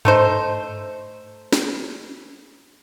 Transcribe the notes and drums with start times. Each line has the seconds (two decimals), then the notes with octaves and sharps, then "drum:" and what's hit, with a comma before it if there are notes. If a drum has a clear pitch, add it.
0.05 A3 D#4 C5, drum: tom G2
1.53 drum: snare